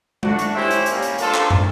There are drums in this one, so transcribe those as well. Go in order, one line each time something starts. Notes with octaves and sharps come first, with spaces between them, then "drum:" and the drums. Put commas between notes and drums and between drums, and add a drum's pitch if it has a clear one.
A3 D4 F#4, drum: tom G#3
drum: hi-hat
C#4 E4 G4 C5 E5
drum: hi-hat
G3 A#3 C#4, drum: hi-hat
drum: hi-hat
D4 F4 A4 C5, drum: hi-hat
drum: clap
drum: tom